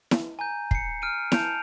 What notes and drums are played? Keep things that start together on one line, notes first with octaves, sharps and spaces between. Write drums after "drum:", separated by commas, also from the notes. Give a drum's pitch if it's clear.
drum: snare E4
G#5 A#5 G6
C7 C#7, drum: kick
F6 D7 D#7
A5 G6 D7 F7, drum: snare E4